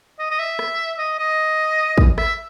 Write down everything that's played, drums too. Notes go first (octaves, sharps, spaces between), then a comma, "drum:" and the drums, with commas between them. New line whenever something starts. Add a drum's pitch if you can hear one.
D#5
D#5
E5
drum: rim click
D#5
D#5
drum: kick
E5, drum: rim click